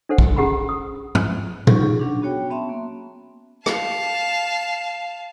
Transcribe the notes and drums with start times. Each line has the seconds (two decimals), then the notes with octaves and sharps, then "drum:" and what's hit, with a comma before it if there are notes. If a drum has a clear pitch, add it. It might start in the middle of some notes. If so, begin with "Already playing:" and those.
0.09 D4 A4 C5 F#5
0.18 drum: kick
0.36 C#4 G4 G#4 F#5 A#5 B5
0.69 D#6
1.15 drum: tom
1.67 F#3 D#4 F4 G4 C#6, drum: tom
1.81 G#4
1.99 F#3 C#4 D4
2.22 B3 F#4 C#5 G5
2.51 B3 C#4 E5 A5 C6
2.69 A#3
3.66 F5 A5, drum: rim click